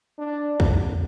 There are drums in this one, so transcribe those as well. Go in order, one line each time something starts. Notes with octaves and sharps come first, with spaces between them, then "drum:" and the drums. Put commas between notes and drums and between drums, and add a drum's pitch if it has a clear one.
D4
F2 D3, drum: kick